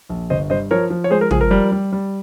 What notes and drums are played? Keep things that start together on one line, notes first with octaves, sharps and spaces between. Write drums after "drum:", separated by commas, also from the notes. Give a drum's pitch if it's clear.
A#1
G1 C5 D#5
G2 C5 D#5
F3 A#4 C#5
F3
C#5
G#3 G#4 C5
A#4
F3 G#4, drum: tom
A#4
G3
G3
G3